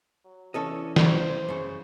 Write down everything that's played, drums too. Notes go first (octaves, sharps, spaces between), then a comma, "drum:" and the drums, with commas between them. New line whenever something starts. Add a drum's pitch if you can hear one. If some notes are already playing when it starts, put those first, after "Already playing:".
F#3
E3 C#4 D4 A4 D#5
C5, drum: snare
F#2 C#3